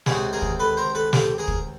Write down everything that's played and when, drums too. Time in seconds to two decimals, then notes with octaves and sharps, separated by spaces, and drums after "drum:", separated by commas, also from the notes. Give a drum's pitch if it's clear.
0.06 C#2 C3 D#3 F#4 G#4, drum: snare
0.33 G#4 A#4
0.42 drum: kick
0.60 A4 B4
0.77 A#4 C5
0.95 A4 B4
1.13 G4 A4, drum: snare
1.38 G#4 A#4
1.48 drum: kick